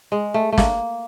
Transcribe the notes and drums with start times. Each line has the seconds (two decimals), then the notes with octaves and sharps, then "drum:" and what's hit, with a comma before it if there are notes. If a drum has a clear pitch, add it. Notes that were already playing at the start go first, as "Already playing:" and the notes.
0.12 G#3
0.34 A3
0.52 A3
0.58 A#3, drum: snare